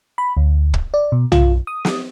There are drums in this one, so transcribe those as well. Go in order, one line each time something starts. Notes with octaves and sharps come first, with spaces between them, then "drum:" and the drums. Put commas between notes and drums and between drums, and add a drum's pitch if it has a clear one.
B5
D2
drum: kick
D5
B2
F4, drum: tom
D#6
drum: snare